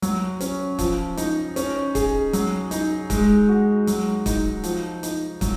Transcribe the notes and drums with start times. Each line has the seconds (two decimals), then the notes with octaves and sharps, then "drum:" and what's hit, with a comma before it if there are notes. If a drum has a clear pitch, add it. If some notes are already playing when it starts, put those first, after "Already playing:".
0.02 F#3, drum: hi-hat
0.40 C#4, drum: hi-hat
0.79 F3, drum: kick, hi-hat
1.17 D#4, drum: hi-hat
1.56 C#4, drum: hi-hat
1.95 G#4, drum: kick, hi-hat
2.33 F#3, drum: hi-hat
2.71 D#4, drum: hi-hat
3.10 G#3, drum: kick, hi-hat
3.49 F#4
3.87 F#3, drum: hi-hat
4.26 D#4, drum: kick, hi-hat
4.64 F3, drum: hi-hat
5.03 D#4, drum: hi-hat
5.41 F#3, drum: kick, hi-hat